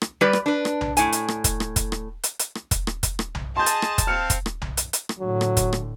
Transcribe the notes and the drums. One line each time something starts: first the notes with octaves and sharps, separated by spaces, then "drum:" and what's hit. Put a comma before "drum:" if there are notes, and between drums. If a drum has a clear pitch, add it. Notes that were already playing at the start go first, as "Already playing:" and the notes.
drum: rim click
G3 G4 B4 D5
drum: rim click
D4 B4
drum: rim click
drum: tom B1
A2 G#5, drum: hi-hat
drum: hi-hat
drum: rim click
drum: kick, hi-hat
drum: rim click
drum: kick, hi-hat
drum: rim click
drum: hi-hat
drum: hi-hat
drum: rim click
drum: kick, hi-hat
drum: rim click
drum: kick, hi-hat
drum: rim click
drum: tom B1
G#4 D#5 A5 C6 G6
drum: hi-hat
drum: rim click
drum: kick, hi-hat
C4 F5 F6 C#7
drum: kick, hi-hat
drum: rim click
drum: tom B1
drum: hi-hat
drum: hi-hat
drum: rim click
A2 D3 F#3
drum: rim click
drum: kick, hi-hat
drum: rim click